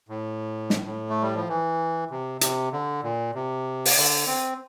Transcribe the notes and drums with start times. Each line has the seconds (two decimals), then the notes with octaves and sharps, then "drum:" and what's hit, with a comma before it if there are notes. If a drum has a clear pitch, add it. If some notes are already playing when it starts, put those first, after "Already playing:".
0.09 A2
0.70 drum: snare
0.86 A2
1.10 A3
1.22 G3
1.35 F3
1.49 E3
2.10 C3
2.41 C3, drum: hi-hat
2.73 D3
3.03 A#2
3.35 C3
3.85 drum: open hi-hat
3.97 D3
4.27 C4